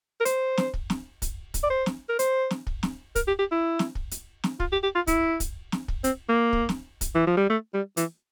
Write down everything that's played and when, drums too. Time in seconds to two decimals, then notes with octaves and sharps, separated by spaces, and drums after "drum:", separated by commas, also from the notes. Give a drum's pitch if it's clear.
0.20 A#4
0.25 C5, drum: hi-hat
0.58 drum: snare
0.74 drum: kick
0.90 drum: snare
1.22 drum: kick, hi-hat
1.54 drum: kick, hi-hat
1.63 D5
1.70 C5
1.86 drum: snare
2.09 A#4
2.19 C5, drum: hi-hat
2.51 drum: snare
2.67 drum: kick
2.83 drum: snare
3.15 A#4, drum: kick, hi-hat
3.27 G4
3.39 G4
3.52 E4
3.79 drum: snare
3.95 drum: kick
4.11 drum: hi-hat
4.44 drum: snare
4.60 F4, drum: kick
4.72 G4
4.83 G4
4.95 F4
5.07 E4, drum: kick, hi-hat
5.40 drum: kick, hi-hat
5.72 drum: snare
5.88 drum: kick
6.04 C4, drum: hi-hat
6.29 A#3
6.53 drum: kick
6.69 drum: snare
7.01 drum: kick, hi-hat
7.15 E3
7.27 F3
7.37 G3
7.50 A3
7.74 G3
7.97 E3, drum: hi-hat